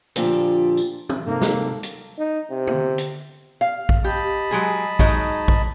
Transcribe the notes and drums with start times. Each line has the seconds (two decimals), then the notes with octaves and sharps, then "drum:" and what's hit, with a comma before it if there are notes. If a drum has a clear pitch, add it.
0.16 A#2 D3 F3 D4 G4 A4, drum: hi-hat
0.77 drum: tambourine
1.09 drum: tom
1.27 C3 A#3 D#4 A4
1.41 drum: snare
1.83 drum: hi-hat
2.18 D#4
2.51 C3
2.67 drum: tom
2.98 drum: hi-hat
3.61 F5
3.89 drum: kick A#1
4.04 G4 D#5 A5 B5
4.51 F#3 G#3 G#4
4.99 F#3 G#3 D#4, drum: kick A#1
5.48 drum: kick A#1